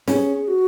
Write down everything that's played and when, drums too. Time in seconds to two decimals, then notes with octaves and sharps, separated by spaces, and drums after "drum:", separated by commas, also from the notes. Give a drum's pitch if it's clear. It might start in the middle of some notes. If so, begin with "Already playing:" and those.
0.08 C#4 G#4, drum: snare
0.48 F#4